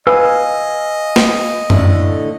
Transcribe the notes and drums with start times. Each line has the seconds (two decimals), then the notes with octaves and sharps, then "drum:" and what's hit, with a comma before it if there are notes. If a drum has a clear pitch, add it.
0.07 B4 D#5 F5 G#5 E6
1.16 drum: snare
1.70 A2 D3 A3, drum: tom F#2